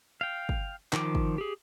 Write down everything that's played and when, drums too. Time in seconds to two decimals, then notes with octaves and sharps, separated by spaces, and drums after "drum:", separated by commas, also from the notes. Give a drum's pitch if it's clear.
0.21 F5 G5
0.49 drum: kick
0.93 D#3 F3 D6, drum: clap
1.15 drum: kick
1.38 G4 G#4